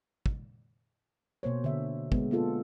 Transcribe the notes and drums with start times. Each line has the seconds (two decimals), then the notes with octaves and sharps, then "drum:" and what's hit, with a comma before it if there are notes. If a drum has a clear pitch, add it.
0.26 drum: kick
1.43 B2 A#3 C5 C#5
1.64 D3 E5
2.12 G#3 B3, drum: kick
2.31 A#3 B3 F4 A4